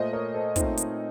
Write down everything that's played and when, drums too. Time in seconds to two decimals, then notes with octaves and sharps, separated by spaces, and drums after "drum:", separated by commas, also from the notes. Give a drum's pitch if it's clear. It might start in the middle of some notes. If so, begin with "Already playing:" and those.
Already playing: A#2 A3 C5 D#5
0.13 A#4 C#5
0.34 A4 C5
0.56 A#2 A3 C4 D#4, drum: kick, hi-hat
0.77 drum: hi-hat